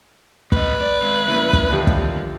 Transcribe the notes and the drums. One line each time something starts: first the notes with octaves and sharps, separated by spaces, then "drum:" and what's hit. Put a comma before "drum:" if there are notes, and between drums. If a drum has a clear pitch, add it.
A2 B4 D#5, drum: kick
D5
G#3 C4
F2 C#3 A#3 E4
drum: kick
D#2 D3 F3 G4
drum: kick